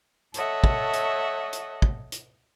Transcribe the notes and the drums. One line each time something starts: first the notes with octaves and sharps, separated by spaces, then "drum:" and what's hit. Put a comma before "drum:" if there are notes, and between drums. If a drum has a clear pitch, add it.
A4 C#5 D#5 E5 F#5, drum: hi-hat
drum: kick
drum: hi-hat
drum: hi-hat
drum: kick
drum: hi-hat